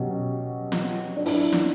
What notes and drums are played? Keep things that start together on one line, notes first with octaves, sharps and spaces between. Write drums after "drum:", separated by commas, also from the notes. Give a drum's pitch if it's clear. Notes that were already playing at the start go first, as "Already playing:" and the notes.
Already playing: B2 F#3 C#4 G4
drum: snare
D4
E4, drum: open hi-hat
drum: snare